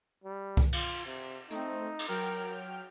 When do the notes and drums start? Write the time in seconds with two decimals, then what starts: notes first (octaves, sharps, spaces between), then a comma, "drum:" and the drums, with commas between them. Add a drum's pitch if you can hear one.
0.24 G3
0.57 drum: kick C2
0.73 F4, drum: cymbal
1.06 C3
1.50 A3 C4 D#4, drum: hi-hat
1.99 drum: cymbal
2.08 F#3 A#4 G5 F6